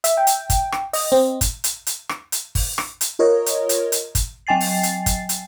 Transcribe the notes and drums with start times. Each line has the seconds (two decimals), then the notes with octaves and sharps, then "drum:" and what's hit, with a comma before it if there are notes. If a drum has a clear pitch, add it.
0.04 E5, drum: hi-hat
0.17 G5
0.27 drum: hi-hat
0.50 drum: kick, hi-hat
0.72 drum: rim click
0.93 D#5, drum: open hi-hat
1.12 C4
1.41 drum: kick, hi-hat
1.64 drum: hi-hat
1.87 drum: hi-hat
2.09 drum: rim click
2.32 drum: hi-hat
2.55 drum: kick, open hi-hat
2.78 drum: rim click
3.01 drum: hi-hat
3.19 F4 A#4 C#5 D#5
3.46 drum: hi-hat
3.69 drum: hi-hat
3.92 drum: hi-hat
4.15 drum: kick, hi-hat
4.47 F#3 G5 G#5 A6 C7
4.60 drum: open hi-hat
4.83 drum: hi-hat
5.06 drum: kick, hi-hat
5.29 drum: hi-hat